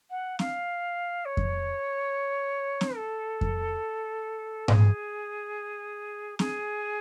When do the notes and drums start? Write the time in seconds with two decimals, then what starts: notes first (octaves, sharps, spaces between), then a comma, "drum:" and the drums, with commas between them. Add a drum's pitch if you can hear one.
0.11 F#5
0.39 F5, drum: snare C4
1.25 C#5
1.37 drum: kick F2
2.81 drum: snare C4
2.96 A4
3.41 drum: kick F2
4.68 G#4, drum: tom G#2
6.39 G#4, drum: snare C4